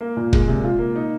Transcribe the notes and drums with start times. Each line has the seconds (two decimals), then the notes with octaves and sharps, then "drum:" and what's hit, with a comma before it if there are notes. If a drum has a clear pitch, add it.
0.01 A#3
0.17 A#2
0.33 G#3, drum: kick
0.48 C3
0.64 F4
0.79 A#3
0.96 D#4